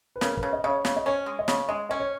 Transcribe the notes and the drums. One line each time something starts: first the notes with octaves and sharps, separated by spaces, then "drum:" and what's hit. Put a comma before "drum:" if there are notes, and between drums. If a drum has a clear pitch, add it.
B4
C#3 A#4, drum: snare
B4, drum: kick
C#3
D#5
C#3 C#5 D#5
C#3 C#5, drum: snare
D#5
C#4 C#5
G#3
D#5
C#3 C#5, drum: snare
G#3 D#5
C#4 D#5
C#5